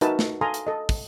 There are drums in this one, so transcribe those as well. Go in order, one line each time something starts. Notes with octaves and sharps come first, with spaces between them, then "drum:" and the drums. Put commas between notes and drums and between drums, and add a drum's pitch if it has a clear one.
D#4 F#4 A#4 B4 E5 A5, drum: hi-hat
drum: snare
A4 F5 G#5 A#5 C6 D#6
drum: hi-hat
A4 D#5
drum: kick, open hi-hat